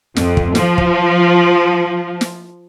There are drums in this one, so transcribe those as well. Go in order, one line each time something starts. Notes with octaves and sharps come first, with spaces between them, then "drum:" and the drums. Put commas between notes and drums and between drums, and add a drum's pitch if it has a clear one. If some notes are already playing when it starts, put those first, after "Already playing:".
F2, drum: snare
drum: kick
F3, drum: snare
drum: kick
drum: snare